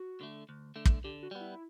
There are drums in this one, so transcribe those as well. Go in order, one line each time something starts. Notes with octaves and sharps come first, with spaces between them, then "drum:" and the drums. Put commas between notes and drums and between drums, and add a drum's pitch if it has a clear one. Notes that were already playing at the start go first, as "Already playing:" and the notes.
Already playing: F#4
D3 A3
D2
D3 A3
drum: kick
D3 G4
F#4
G3 B3
E4